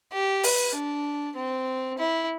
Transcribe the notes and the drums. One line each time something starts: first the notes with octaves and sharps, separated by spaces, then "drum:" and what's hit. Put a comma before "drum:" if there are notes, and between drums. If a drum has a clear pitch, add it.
G4
B4, drum: open hi-hat
D4
C4
E4